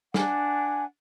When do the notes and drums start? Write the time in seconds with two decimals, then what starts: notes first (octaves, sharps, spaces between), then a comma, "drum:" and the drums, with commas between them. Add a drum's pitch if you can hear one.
0.14 D4 F#5 G#5, drum: snare